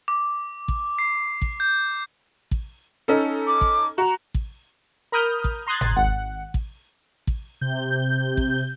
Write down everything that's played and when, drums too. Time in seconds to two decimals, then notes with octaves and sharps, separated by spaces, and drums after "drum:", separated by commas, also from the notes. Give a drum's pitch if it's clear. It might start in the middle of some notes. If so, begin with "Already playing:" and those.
0.08 D6
0.68 drum: kick A1
0.99 C7
1.42 drum: kick A1
1.60 G6
2.51 drum: kick A1
3.08 C#4 D#4 A4
3.47 D6
3.61 drum: kick A1
3.98 F#4 A#5
4.35 drum: kick A1
5.12 A#4 B5 D#6 F6 G6
5.44 drum: kick A1
5.67 A#5 C6 D#6 F#6 G#6 A6
5.81 drum: tom G1
5.96 G#1 F#5
6.54 drum: kick A1
7.27 drum: kick A1
7.61 C3 G6
8.37 drum: kick A1